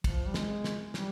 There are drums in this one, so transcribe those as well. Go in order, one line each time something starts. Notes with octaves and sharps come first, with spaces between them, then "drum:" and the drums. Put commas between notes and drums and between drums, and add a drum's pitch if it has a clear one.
F3, drum: kick, cymbal
G3
G#3, drum: snare
drum: snare
G3, drum: snare